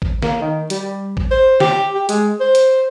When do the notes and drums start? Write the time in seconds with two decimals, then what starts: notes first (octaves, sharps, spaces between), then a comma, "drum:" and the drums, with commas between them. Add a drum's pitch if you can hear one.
0.02 drum: kick
0.22 A#3, drum: snare
0.41 D#3
0.70 G3, drum: hi-hat
1.17 drum: kick
1.31 C5
1.60 G4, drum: snare
1.95 G4
2.09 G#3, drum: hi-hat
2.40 C5
2.55 drum: hi-hat